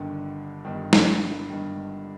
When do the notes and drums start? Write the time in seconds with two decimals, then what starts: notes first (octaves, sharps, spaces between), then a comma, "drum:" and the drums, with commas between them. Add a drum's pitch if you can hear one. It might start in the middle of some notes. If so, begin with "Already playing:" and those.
Already playing: G1 G2 D3 D#3
0.65 G1 G2 D#3
0.93 drum: snare
1.50 G1 G2 D#3